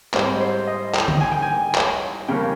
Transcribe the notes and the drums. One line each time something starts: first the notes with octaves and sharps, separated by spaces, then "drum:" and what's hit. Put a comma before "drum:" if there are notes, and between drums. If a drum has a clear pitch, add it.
G#2 G3 C4 D#4 C5, drum: clap
C5
D#5
G5, drum: clap
drum: tom D3
G#5
G5
G#5
drum: clap
F2 C#3 G3 A#3 C#4 G5